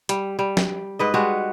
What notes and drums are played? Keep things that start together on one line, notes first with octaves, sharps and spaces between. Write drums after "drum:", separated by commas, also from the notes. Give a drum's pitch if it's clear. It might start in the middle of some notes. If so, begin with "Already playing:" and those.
G3, drum: hi-hat
G3
drum: snare
G#2 B4 D#5
G3 G#3 F#4